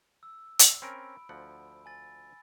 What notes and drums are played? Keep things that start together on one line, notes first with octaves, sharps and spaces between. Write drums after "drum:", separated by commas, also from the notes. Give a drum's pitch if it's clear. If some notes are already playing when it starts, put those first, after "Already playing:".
E6
D#5, drum: hi-hat
C4 C#4 A#4 B5 D7
D2 F3 F#5
G#5 A6